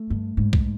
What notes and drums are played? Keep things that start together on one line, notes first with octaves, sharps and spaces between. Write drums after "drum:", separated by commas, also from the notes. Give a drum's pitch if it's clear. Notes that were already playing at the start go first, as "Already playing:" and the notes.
Already playing: A3
G2
G#2
drum: kick B1